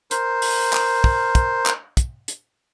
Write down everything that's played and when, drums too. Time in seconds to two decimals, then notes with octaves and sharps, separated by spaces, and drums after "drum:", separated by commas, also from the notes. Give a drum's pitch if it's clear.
0.11 A#4 C5, drum: hi-hat
0.42 drum: open hi-hat
0.73 drum: clap
1.04 drum: kick
1.35 drum: kick, hi-hat
1.66 drum: clap
1.97 drum: kick, hi-hat
2.28 drum: hi-hat